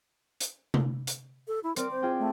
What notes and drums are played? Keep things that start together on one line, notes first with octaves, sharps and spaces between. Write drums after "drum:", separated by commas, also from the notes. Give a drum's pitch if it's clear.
drum: hi-hat
drum: tom C3
drum: hi-hat
A4
E4
C4 A#4 D5, drum: hi-hat
C5
F4 G#4 G5
A3